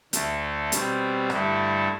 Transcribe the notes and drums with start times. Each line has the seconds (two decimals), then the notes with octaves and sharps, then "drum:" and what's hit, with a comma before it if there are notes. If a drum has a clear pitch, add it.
0.13 D2 D3 A3, drum: hi-hat
0.72 B2 G3 C4, drum: hi-hat
1.30 G2 D3 A3 E4, drum: rim click